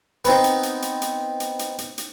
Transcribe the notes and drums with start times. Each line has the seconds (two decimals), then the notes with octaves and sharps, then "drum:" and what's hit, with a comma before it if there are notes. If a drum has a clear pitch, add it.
0.25 B3 C4 D#4, drum: hi-hat
0.44 drum: hi-hat
0.63 drum: hi-hat
0.82 drum: hi-hat
1.02 drum: hi-hat
1.40 drum: hi-hat
1.59 drum: hi-hat
1.78 drum: hi-hat
1.98 drum: hi-hat